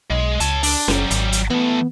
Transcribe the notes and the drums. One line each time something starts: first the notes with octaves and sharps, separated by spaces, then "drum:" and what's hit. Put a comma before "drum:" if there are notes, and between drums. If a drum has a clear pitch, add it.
B1 G#3
C#2 C#5 A5, drum: hi-hat
D4, drum: open hi-hat
F#1 F#3 G3, drum: snare C#4
G#1, drum: hi-hat
drum: hi-hat
E3 A3 B3